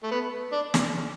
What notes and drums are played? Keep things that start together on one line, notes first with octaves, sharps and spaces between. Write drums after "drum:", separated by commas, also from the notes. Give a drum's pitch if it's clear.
A3
B3
D4
drum: snare